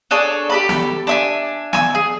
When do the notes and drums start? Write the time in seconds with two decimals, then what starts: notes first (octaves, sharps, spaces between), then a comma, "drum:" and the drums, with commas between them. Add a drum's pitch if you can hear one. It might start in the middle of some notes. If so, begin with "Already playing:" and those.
0.11 D4 G#4 A4 C#5
0.50 G4 A4 B5
0.69 drum: snare
1.07 D4 E5 G#5
1.73 G#5 E6, drum: snare
1.95 G#4